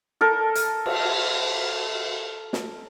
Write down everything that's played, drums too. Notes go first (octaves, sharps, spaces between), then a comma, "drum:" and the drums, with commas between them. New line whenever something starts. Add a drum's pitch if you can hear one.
A4 A#4 A5
drum: hi-hat
drum: cymbal
drum: snare